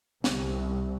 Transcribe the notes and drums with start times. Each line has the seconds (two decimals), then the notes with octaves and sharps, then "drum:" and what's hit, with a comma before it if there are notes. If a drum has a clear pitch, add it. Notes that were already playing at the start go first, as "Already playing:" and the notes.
0.24 C2, drum: snare